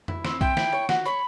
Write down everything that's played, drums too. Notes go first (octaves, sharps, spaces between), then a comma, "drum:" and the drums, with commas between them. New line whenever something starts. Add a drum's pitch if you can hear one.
E4, drum: tom F2
C4, drum: snare
E4 G5, drum: kick B1
E4, drum: snare
C#5
F#4, drum: snare
C#5 B5